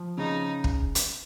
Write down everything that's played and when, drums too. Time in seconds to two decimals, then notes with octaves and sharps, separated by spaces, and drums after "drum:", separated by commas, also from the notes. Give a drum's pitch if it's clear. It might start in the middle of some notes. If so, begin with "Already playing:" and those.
Already playing: F3
0.17 C#3 D#4
0.64 drum: kick
0.95 drum: hi-hat